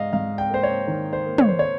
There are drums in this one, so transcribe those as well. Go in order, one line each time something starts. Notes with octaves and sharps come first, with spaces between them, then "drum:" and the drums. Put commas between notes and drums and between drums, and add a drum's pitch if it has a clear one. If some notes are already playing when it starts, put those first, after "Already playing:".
Already playing: G#2 D#5 F5
G#2 F5
G5
A#3 C5
C#5
D#3
C5
A#3
C#5, drum: tom
C5
C#5